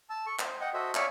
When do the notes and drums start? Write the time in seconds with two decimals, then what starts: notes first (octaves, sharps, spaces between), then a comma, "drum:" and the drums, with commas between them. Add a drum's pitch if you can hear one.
0.10 A5 E6
0.26 A4 C#6
0.39 C5, drum: clap
0.61 D#5 F#5 G5
0.74 F#4 A4 C5 D#5 E5
0.95 C#5 D5 E5 F5 G#5 C#6, drum: clap